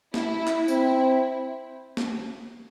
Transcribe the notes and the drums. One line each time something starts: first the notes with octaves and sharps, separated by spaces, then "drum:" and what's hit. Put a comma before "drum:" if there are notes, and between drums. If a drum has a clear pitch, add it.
E4, drum: snare A#3
drum: clap
C4 E4, drum: tambourine
drum: snare A#3